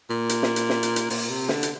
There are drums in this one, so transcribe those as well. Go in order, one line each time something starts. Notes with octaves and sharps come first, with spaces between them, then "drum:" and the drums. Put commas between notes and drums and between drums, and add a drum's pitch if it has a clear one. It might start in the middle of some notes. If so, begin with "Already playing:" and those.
A#2
drum: hi-hat
drum: snare
drum: hi-hat
drum: snare
drum: hi-hat
drum: hi-hat
A#2, drum: open hi-hat
C3
D3, drum: snare
drum: hi-hat